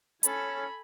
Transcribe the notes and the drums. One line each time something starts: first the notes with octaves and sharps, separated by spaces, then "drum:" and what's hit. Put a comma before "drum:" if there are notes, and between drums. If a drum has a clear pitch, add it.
C#4 A4 G#5 B5, drum: hi-hat